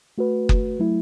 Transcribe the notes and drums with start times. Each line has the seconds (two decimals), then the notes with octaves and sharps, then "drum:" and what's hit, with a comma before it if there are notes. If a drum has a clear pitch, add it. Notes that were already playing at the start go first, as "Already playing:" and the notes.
0.18 A3 F#4 B4
0.49 drum: kick F#1
0.79 F#3 A3 E4